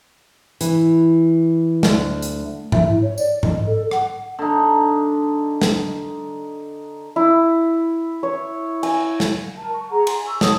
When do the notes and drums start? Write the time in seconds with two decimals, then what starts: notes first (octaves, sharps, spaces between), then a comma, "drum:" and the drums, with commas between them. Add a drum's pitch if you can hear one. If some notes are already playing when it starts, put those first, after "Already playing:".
0.61 E3, drum: hi-hat
1.83 D2, drum: snare
2.22 drum: hi-hat
2.72 E5, drum: tom G#2
2.88 E4
3.02 C#5
3.18 D5, drum: tambourine
3.43 D#5, drum: tom G#2
3.66 A4
3.91 F#5, drum: rim click
4.39 D3 D#4
5.61 drum: snare
7.16 E4
8.23 C#5
8.83 G#5, drum: cymbal
9.20 drum: snare
9.56 A#4 A5
9.74 C#6
9.90 G#4 F#5 A#5
10.07 G#5 A#5 C6, drum: cymbal
10.26 C#6 E6
10.41 C#5 F#5 A5 D#6, drum: snare